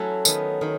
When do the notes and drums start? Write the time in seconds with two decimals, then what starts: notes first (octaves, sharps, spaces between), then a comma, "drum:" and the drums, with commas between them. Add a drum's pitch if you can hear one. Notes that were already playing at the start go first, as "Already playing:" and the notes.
Already playing: F#3 A3 C#4 E4
0.25 D#3 F#3 B3, drum: tambourine
0.61 D#3 F#3